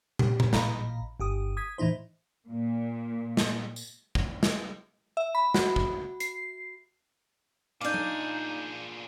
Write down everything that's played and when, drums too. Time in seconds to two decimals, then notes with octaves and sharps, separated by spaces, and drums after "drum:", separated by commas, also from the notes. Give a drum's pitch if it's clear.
0.19 G4, drum: tom
0.40 drum: tom A#2
0.53 A1 A#2 D#5 F5 A#5 B5, drum: snare
1.20 G1 G4 D#6
1.57 D#6 G#6 B6
1.78 A2 E3 D#4 E4 C5
2.48 A#2
3.37 drum: snare
3.76 drum: tambourine
4.15 drum: kick
4.43 drum: snare
5.17 E5
5.35 B5
5.54 F#4, drum: snare
5.76 drum: kick
6.20 C7, drum: hi-hat
7.81 A#2 D4 D#4 G#4 F5 D6 G6
7.94 drum: tom F#3